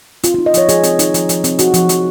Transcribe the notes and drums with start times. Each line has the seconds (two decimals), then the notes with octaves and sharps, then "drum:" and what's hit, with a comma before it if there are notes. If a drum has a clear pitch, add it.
0.23 C4 F4, drum: hi-hat
0.35 D#4 F4
0.46 D#5
0.54 F3 C#5, drum: hi-hat
0.69 F3 G#4, drum: hi-hat
0.83 C4, drum: hi-hat
0.99 D#4, drum: hi-hat
1.14 F3, drum: hi-hat
1.29 F3, drum: hi-hat
1.44 C4, drum: hi-hat
1.59 D#4 F#4, drum: hi-hat
1.74 F3, drum: hi-hat
1.89 F3, drum: hi-hat